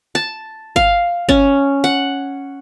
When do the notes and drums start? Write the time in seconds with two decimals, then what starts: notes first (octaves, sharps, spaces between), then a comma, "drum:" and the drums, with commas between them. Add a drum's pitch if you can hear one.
0.15 A5
0.76 F5, drum: kick G1
1.29 C#4, drum: kick G1
1.84 F#5